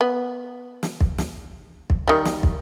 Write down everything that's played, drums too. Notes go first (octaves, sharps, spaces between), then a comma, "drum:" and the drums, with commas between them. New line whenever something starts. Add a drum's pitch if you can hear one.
B3
drum: snare
drum: kick
drum: snare
drum: kick
D#3 G3
drum: snare
drum: kick